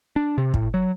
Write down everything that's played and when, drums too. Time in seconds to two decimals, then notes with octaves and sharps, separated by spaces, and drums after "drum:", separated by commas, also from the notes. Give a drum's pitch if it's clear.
0.16 D4
0.38 C3
0.54 A2, drum: kick
0.74 F#3